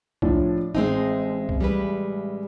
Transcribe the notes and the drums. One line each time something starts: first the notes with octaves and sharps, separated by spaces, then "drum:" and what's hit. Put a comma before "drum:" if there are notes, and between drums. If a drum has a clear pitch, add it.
A2 F3 D4, drum: kick B1
A1 G#3 C4 D#4
drum: kick B1
G3 G#3 B4